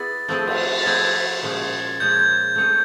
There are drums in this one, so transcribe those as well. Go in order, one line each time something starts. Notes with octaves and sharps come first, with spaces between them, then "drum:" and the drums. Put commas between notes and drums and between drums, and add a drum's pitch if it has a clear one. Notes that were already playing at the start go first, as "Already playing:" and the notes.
Already playing: B3 E4 G#4 B4 D5 A6
F3 A3 C4 E4 G#4
drum: cymbal
A6
F3 A3 C4 E4 G#4 G#6
A#2 F3 G#3 C#4
A#2 F3 G#3 C#4 G6
G#6
G6
A3 C4 D#4 G#4 C#5